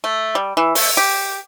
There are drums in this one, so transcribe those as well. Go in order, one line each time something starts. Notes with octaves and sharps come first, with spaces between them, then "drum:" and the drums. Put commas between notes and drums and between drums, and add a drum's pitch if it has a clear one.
A3
G3
E3
A3, drum: open hi-hat
G4